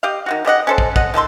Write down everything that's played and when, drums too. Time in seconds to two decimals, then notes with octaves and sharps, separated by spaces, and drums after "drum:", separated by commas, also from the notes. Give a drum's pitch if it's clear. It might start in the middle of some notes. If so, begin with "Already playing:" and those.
0.03 G4 D#5 F5
0.26 D#3 G#3 F#4
0.45 C#3 G4 D#5 F#5
0.67 C#4 A4 C5
0.78 drum: kick
0.96 A4 D#5 F#5, drum: kick
1.14 D#3 F3 A4 C6